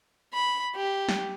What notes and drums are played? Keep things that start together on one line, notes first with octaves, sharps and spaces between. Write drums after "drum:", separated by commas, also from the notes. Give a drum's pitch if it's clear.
B5
G4
drum: snare